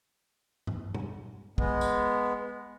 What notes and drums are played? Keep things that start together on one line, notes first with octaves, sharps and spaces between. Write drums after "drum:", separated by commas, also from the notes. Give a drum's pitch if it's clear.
drum: tom G2
drum: tom A#2
G#3 B3, drum: kick
drum: tambourine